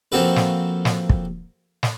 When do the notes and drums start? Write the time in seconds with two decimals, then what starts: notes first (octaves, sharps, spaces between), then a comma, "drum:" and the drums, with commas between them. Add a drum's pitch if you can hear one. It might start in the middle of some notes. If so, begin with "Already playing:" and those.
0.12 F3 A#3 C4 F#4 A4 B4
0.36 drum: snare
0.85 drum: snare
1.09 drum: kick
1.83 drum: snare